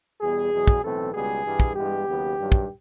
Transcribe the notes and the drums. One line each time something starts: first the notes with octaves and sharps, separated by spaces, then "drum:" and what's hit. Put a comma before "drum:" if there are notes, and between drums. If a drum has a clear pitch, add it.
E2 B2 G3 B3 G#4
E2 B2 F#3
drum: kick
B1 A2 E3 A3 C4 A4
C#2 B2 G3 B3 G#4
G2 E3 G3
drum: kick
G2 E3 G#3 B3 G4
D#2 C#3 F#3 B3
G2 D#3 F#3
drum: kick